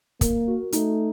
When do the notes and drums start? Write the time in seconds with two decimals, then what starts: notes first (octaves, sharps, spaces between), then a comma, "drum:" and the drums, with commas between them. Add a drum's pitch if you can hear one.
0.21 A#3 A#4, drum: kick, hi-hat
0.47 F#4
0.72 A3 D#4, drum: hi-hat